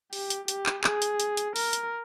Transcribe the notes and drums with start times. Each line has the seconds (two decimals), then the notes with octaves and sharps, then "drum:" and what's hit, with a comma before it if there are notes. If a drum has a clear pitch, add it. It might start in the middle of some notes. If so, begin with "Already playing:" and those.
0.13 G4, drum: open hi-hat
0.30 drum: hi-hat
0.48 G4, drum: hi-hat
0.66 drum: clap
0.84 G#4, drum: clap
1.02 drum: hi-hat
1.20 drum: hi-hat
1.37 drum: hi-hat
1.56 A#4, drum: open hi-hat
1.73 drum: hi-hat